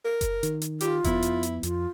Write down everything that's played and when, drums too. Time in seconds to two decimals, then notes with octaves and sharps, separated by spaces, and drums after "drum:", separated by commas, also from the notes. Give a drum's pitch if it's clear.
0.04 A#4
0.21 drum: kick F#1, hi-hat
0.43 D#3, drum: hi-hat
0.62 drum: hi-hat
0.80 F4 G4, drum: hi-hat
1.04 F2 F3 B3 E4, drum: kick F#1, hi-hat
1.23 drum: hi-hat
1.43 drum: hi-hat
1.63 F2 F4, drum: hi-hat